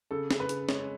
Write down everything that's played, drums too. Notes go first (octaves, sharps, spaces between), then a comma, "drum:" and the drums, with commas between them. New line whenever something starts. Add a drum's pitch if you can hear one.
C#3 A4
C#3, drum: snare
B4
C#3, drum: hi-hat
G#3 C#5, drum: snare